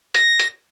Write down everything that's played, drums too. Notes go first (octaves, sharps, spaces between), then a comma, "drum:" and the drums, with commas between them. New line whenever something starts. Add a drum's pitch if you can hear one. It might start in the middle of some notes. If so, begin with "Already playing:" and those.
A#6, drum: hi-hat
drum: hi-hat